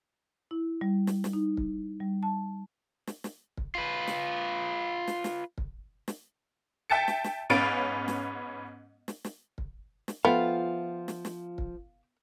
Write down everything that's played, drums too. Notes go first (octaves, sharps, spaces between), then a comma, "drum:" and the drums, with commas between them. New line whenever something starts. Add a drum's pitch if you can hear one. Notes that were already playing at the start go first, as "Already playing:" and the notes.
E4
G3
drum: snare
drum: snare
D#4
drum: kick
G3
A5
drum: snare
drum: snare
drum: kick
F4 B4
drum: snare
drum: snare
drum: snare
drum: kick
drum: snare
E5 G5 A5 A6 C#7
drum: snare
drum: snare
G#2 B3 C#4 F5 A6 D7
drum: snare
drum: snare
drum: snare
drum: kick
drum: snare
F3 B3 F4 A4 E5 F5 G5
drum: snare
drum: snare
drum: kick